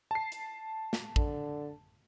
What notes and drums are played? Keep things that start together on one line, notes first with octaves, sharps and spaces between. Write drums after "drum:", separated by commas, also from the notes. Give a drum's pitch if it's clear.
A5 C7
drum: hi-hat
drum: snare
D3, drum: kick